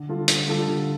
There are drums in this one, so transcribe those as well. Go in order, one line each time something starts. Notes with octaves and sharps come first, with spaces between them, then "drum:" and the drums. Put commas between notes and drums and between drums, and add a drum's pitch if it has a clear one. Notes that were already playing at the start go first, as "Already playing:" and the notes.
Already playing: D3
G3 F4 A4
D3, drum: hi-hat
G3 F4 A4
D3